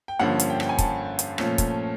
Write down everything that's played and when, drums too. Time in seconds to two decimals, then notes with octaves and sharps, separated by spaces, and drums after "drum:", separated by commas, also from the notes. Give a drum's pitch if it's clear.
0.08 G5
0.19 G2 D3 F3 A#3 C#4 F#5
0.40 drum: hi-hat
0.50 G5
0.60 G5, drum: rim click
0.69 G#5
0.78 A5, drum: kick, hi-hat
1.19 drum: hi-hat
1.38 A#2 F3 A3 C#4, drum: rim click
1.58 drum: kick, hi-hat